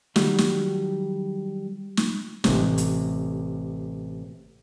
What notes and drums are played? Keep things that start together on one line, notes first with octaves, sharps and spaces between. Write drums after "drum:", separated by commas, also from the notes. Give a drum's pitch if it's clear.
D#3 F#3 G3, drum: snare
drum: snare
drum: snare
A1 C3, drum: snare
drum: hi-hat